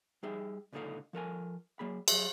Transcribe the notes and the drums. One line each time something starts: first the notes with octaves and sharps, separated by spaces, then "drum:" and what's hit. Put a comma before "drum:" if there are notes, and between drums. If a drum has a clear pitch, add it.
G3 D#4 G#4 E5 G5
C#2 A#2 D3 D#4 A4 F5
F3 A4 A#4 G#5
F#3 A#3 G#4 B5
F#3 G#4 D#5 E5, drum: cymbal